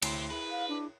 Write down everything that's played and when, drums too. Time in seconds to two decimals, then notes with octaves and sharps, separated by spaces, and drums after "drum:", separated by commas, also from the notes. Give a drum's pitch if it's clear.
0.02 D2 E4 G4 C5 C7, drum: cymbal
0.31 E4 G#4 B4
0.50 F5
0.68 D4